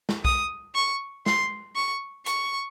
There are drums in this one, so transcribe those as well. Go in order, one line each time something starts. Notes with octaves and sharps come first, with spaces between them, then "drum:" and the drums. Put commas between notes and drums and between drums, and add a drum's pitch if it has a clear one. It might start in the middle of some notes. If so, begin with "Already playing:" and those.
drum: snare
D#6, drum: kick B1
C#6
C6, drum: snare
C#6
C#6, drum: hi-hat